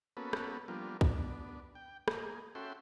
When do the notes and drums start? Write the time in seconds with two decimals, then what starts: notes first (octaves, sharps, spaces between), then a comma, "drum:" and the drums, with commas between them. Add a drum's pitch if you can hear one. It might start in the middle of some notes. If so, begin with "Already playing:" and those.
0.17 A#3 B3 C#4 F#4 A4 B4
0.33 drum: rim click
0.68 F3 G3 A#3 B3 D4 F4
1.01 B3 D4, drum: kick
1.75 G5
2.08 A#3 G#4, drum: rim click
2.55 C#4 F#4 A4 E5 G5 C6